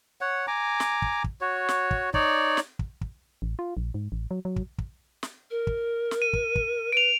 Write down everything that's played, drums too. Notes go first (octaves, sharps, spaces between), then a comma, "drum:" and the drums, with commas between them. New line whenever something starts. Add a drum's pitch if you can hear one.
C#5 F#5
G#5 A#5 D6
drum: snare
drum: kick
drum: kick
F#4 C#5
drum: snare
drum: kick
D#4 C#5 D5, drum: kick
drum: snare
drum: kick
drum: kick
A1
F4
A#1
G#2
A1
F#3
F#3
drum: kick
drum: kick
drum: snare
A#4
drum: kick
drum: snare
D#7
drum: kick
drum: kick
B4 D7 F7